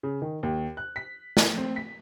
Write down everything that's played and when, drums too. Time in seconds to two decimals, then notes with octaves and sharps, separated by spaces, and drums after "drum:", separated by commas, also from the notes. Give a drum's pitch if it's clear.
0.03 C#3
0.22 D#3
0.43 D#2
0.77 F#6
0.96 B6
1.37 drum: snare
1.58 C4
1.76 B6